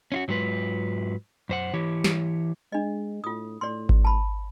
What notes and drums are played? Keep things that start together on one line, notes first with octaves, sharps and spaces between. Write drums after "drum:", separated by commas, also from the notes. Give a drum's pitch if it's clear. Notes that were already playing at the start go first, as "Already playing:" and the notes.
C#4 F4 F#4
G#2 F#3 G#3 F4 B4
F#2 C5 F#5
E3 E4 G4 C#5
drum: snare
G#3 D4 D#5
A2 F4 D#6
A2 D5 C6
drum: kick G#1
A5 B5